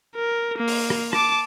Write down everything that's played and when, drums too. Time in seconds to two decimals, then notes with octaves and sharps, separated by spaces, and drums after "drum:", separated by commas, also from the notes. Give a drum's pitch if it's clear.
0.16 A#4
0.58 A#3
0.68 drum: open hi-hat
0.90 drum: rim click
1.13 A5 D6, drum: rim click